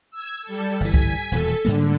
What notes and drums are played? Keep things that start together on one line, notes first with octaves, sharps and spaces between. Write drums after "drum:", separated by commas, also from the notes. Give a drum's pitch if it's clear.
E6 G#6
G3 A4
G1 E3 G#5 B6
drum: kick C2
D#1 E2 B2 A4
G#2 D3 G3 A#3